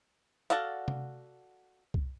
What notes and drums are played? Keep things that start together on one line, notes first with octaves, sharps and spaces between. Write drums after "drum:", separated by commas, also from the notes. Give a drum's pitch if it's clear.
F#4 A4 D5 F5 F#5, drum: hi-hat
drum: tom C3
drum: kick C2